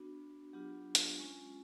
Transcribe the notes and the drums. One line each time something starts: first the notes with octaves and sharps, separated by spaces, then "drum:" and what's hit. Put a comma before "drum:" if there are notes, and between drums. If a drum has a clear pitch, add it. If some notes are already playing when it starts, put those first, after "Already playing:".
Already playing: B3 D4 F#4
F#3 B3 D4 F4 G4
drum: hi-hat
G#3 C#4 F4